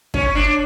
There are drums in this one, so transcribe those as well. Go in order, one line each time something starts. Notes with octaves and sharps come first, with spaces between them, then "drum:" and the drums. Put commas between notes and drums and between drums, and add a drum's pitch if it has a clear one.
C#4, drum: kick
D4